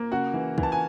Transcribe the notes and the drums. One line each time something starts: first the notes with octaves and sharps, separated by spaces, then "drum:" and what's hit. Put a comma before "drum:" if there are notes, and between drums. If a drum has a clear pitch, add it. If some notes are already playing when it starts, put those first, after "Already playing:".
Already playing: A#3
C#3 F#4 F#5
E3
E3, drum: kick
A5
G#5